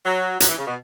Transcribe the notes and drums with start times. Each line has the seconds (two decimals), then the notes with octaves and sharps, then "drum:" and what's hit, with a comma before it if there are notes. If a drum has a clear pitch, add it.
0.06 F#3
0.40 F#3, drum: hi-hat
0.49 E3
0.58 C#3
0.67 B2